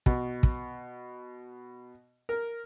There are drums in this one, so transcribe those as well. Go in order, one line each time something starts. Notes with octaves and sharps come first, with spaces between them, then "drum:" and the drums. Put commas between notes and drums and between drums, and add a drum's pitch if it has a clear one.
B2, drum: kick
drum: kick
A#4